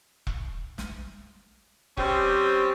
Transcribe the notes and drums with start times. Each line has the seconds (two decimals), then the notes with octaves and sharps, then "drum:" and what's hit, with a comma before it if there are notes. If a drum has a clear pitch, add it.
0.27 drum: kick E1
0.78 drum: snare
1.97 G3 C4 C#4 G4 C5, drum: kick E1